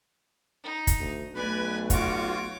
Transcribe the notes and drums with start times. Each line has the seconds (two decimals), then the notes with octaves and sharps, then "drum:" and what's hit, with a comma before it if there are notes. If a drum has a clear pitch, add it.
0.64 D#4
0.87 drum: kick, hi-hat
0.99 D2
1.35 B1 A3 B3 B4 D5 G#5
1.90 F4 F#4 C#5 D6, drum: kick, hi-hat